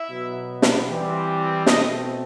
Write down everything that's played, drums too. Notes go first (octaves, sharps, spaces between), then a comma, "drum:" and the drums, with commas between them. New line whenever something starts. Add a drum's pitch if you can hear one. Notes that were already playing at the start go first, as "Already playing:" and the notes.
Already playing: E4 E5
B2 F#3 B3
drum: snare
E3 G3 C4
B2 A3 C4 D#4 D#5, drum: snare